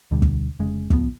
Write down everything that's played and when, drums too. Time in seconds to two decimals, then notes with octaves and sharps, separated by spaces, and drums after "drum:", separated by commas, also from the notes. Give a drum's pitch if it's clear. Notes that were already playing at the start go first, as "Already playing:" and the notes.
0.11 D2 B2 D3 G3
0.22 drum: kick
0.59 F1 C#3 G#3
0.90 D1 C#2 F3 B3, drum: kick